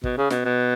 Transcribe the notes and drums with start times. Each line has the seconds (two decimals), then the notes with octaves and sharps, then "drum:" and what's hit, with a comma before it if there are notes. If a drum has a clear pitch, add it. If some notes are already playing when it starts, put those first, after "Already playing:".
0.04 B2, drum: kick
0.18 C#3
0.30 B2, drum: snare
0.45 B2